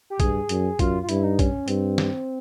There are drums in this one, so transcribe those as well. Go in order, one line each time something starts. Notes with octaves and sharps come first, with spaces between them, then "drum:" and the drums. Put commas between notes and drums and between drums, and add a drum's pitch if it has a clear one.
G4
G2 G#4, drum: kick, hi-hat
F#2, drum: hi-hat
F#2 F4, drum: kick, hi-hat
F4
G2 E4, drum: hi-hat
D#4
C#4, drum: kick, hi-hat
G2 C4, drum: hi-hat
drum: snare